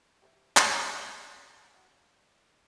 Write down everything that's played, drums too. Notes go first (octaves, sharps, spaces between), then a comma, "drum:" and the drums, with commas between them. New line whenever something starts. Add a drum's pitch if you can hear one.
G4 C5 E5
drum: clap
F#3 F5